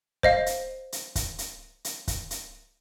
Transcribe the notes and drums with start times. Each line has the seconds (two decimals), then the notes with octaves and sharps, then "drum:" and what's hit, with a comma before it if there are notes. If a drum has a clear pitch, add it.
0.23 C5 D#5 F5, drum: kick
0.46 drum: hi-hat
0.92 drum: hi-hat
1.15 drum: kick, hi-hat
1.38 drum: hi-hat
1.85 drum: hi-hat
2.08 drum: kick, hi-hat
2.31 drum: hi-hat